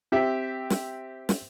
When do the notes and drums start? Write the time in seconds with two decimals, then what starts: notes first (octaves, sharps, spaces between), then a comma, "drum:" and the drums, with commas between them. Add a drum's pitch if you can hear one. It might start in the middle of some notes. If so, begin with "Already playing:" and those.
0.12 C4 G4 E5
0.70 drum: snare
1.29 drum: snare